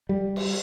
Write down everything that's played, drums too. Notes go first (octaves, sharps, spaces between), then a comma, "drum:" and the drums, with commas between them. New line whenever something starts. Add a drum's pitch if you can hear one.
G3
drum: cymbal